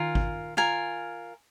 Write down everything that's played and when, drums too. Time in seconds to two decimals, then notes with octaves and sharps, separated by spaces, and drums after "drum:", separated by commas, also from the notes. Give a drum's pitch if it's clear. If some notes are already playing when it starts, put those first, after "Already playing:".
Already playing: D#3 F4 A#4 G#5
0.15 drum: kick
0.57 F4 A#4 G#5